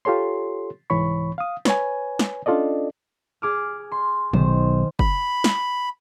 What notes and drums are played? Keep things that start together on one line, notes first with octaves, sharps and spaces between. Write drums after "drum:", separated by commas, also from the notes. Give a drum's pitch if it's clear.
F4 G4 A4 C#5 C6
C2 G#2 E3 C#5 B5 C#6
F5 D#6
B4 C#5 G#5, drum: snare
drum: snare
C#4 D4 F4 A4 D5 D#5
G#4 D6 F6
C6
B1 D#3 C5, drum: tom C3
B5, drum: kick F#1
drum: snare